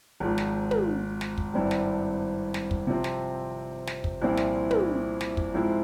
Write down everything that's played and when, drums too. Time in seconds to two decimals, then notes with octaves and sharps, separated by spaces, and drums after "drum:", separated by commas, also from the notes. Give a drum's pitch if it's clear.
0.20 G#1 G#2 F3
0.38 drum: snare
0.71 drum: tom
1.21 drum: snare
1.38 drum: kick
1.54 G#1 G2 G3 C4 E4
1.71 drum: snare
2.54 drum: snare
2.71 drum: kick
2.87 C3 F3 C4
3.04 drum: snare
3.87 drum: snare
4.04 drum: kick
4.21 C2 A#2 F3 C4 E4
4.37 drum: snare
4.71 drum: tom
5.21 drum: snare
5.37 drum: kick
5.54 G#2 F3 C4 E4